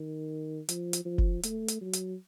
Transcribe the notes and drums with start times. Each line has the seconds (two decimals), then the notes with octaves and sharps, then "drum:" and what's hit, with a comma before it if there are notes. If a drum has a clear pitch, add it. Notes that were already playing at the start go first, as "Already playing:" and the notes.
Already playing: D#3
0.69 F3, drum: hi-hat
0.93 drum: hi-hat
1.05 F3
1.18 drum: kick F#1
1.43 A3, drum: hi-hat
1.68 drum: hi-hat
1.81 F#3
1.93 drum: hi-hat